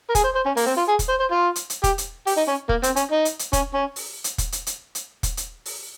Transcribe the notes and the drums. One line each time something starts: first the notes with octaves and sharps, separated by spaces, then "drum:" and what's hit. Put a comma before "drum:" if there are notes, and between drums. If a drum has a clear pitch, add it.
A#4
G#4, drum: kick, hi-hat
C5
C5
C#4
A#3, drum: open hi-hat
C4
F4
G#4
drum: kick, hi-hat
C5
C5
F4
drum: hi-hat
drum: hi-hat
G4, drum: kick, hi-hat
drum: hi-hat
G4, drum: open hi-hat
D#4
C#4
A#3, drum: kick
C4, drum: hi-hat
C#4, drum: hi-hat
D#4
drum: hi-hat
drum: hi-hat
C#4, drum: kick, hi-hat
C#4
drum: open hi-hat
drum: hi-hat
drum: kick, hi-hat
drum: hi-hat
drum: hi-hat
drum: hi-hat
drum: kick, hi-hat
drum: hi-hat
drum: open hi-hat